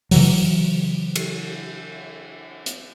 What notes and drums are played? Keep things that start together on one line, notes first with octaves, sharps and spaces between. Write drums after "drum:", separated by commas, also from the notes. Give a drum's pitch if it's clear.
C#3 E3 F#3, drum: open hi-hat
drum: cymbal
drum: hi-hat